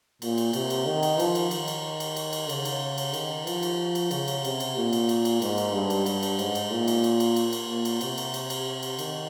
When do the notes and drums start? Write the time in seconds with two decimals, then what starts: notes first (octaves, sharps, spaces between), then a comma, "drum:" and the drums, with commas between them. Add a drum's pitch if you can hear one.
0.22 A#2, drum: cymbal
0.38 drum: cymbal
0.53 C3, drum: cymbal
0.70 drum: cymbal
0.86 D#3
1.03 drum: cymbal
1.20 F3, drum: cymbal
1.35 drum: cymbal
1.51 D#3, drum: cymbal
1.68 drum: cymbal
2.00 drum: cymbal
2.16 drum: cymbal
2.33 drum: cymbal
2.49 C#3, drum: cymbal
2.65 drum: cymbal
2.98 drum: cymbal
3.14 D#3, drum: cymbal
3.47 F3, drum: cymbal
3.63 drum: cymbal
3.95 drum: cymbal
4.11 C#3, drum: cymbal
4.28 drum: cymbal
4.44 C3, drum: cymbal
4.60 drum: cymbal
4.77 A#2
4.93 drum: cymbal
5.09 drum: cymbal
5.25 drum: cymbal
5.42 G#2, drum: cymbal
5.58 drum: cymbal
5.73 G2
5.90 drum: cymbal
6.06 G2, drum: cymbal
6.23 drum: cymbal
6.39 G#2, drum: cymbal
6.55 drum: cymbal
6.71 A#2
6.88 drum: cymbal
7.04 drum: cymbal
7.20 drum: cymbal
7.36 drum: cymbal
7.53 drum: cymbal
7.69 A#2
7.85 drum: cymbal
8.01 C3, drum: cymbal
8.18 drum: cymbal
8.34 drum: cymbal
8.50 drum: cymbal
8.83 drum: cymbal
8.99 D#3, drum: cymbal